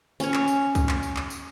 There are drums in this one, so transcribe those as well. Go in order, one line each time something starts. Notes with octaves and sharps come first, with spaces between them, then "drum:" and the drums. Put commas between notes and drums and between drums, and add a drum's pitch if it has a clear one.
C#4 C#5, drum: tambourine
drum: clap
drum: tambourine
drum: kick C2, tambourine
drum: clap
drum: tambourine
drum: clap
drum: tambourine